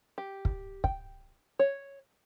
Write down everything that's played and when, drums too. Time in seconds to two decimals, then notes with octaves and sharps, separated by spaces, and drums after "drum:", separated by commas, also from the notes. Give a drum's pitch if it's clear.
0.18 G4
0.45 drum: kick
0.84 G5, drum: kick
1.59 C#5